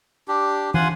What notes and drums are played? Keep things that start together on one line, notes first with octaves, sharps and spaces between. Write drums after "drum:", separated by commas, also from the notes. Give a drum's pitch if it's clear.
D4 G4
F4 F#5 G#5 C6, drum: tom